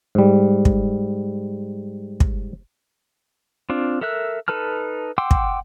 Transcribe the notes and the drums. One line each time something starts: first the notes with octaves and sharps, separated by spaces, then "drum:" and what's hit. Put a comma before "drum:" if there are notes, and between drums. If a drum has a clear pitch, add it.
G#2 G3
drum: kick
drum: kick
C4 D4 F4
A4 A#4 E5 E6 F#6
D#4 A4 B4 A5 F6
F#5 G5 C6 D6 E6
drum: kick